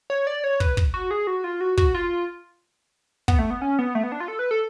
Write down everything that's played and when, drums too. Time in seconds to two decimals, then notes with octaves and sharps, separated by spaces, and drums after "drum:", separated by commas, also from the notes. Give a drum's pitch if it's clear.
0.10 C#5
0.27 D5
0.44 C#5
0.60 B4, drum: kick
0.77 drum: kick
0.94 F#4
1.11 G#4
1.27 F#4
1.44 F4
1.61 F#4
1.77 F#4, drum: kick
1.94 F4
3.28 B3, drum: kick
3.39 A3
3.50 B3
3.62 C#4
3.79 B3
3.95 A3
4.03 B3
4.12 D4
4.20 F4
4.28 A4
4.39 B4
4.51 A4